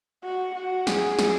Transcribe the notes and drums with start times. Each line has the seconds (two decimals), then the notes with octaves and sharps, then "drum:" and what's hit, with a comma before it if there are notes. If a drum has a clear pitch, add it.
0.24 F#4
0.55 F#4
0.87 G#4, drum: snare
1.19 drum: snare